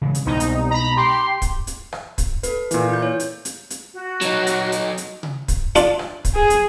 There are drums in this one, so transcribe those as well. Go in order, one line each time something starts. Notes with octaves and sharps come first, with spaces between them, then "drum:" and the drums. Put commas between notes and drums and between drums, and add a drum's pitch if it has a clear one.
C#3 E3 G#3
drum: hi-hat
C2 B2 G#3 D#4
drum: hi-hat
A#5 B5
G4 C6
drum: kick, hi-hat
drum: hi-hat
drum: rim click
drum: kick, hi-hat
A4 B4, drum: hi-hat
A#2 E3, drum: hi-hat
E4 G6
C#5
drum: hi-hat
drum: hi-hat
drum: hi-hat
F#4
F#3 D#4, drum: hi-hat
drum: hi-hat
drum: hi-hat
drum: hi-hat
drum: tom C3
drum: kick, hi-hat
D4 F4, drum: hi-hat
drum: rim click
drum: kick, hi-hat
G#4
drum: hi-hat